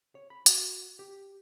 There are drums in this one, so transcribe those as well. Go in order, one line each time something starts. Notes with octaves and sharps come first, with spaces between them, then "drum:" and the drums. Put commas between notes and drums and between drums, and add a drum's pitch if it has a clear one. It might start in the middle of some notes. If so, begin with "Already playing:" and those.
C#5
B5
F#4, drum: hi-hat
G4